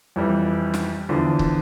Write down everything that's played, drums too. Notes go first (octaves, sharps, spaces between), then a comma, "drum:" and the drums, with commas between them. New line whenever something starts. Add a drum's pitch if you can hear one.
F2 E3 G3
drum: snare
E2 D3 F3
drum: kick